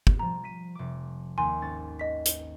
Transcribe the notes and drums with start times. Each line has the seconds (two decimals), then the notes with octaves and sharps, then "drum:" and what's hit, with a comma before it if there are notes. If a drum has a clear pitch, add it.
0.07 drum: kick
0.19 F3 G3 A#5
0.44 B6 D#7
0.75 F1 D6
1.38 D#2 G#5 C6
1.62 G#1 C#4 A6
1.99 D#5 B6
2.26 drum: hi-hat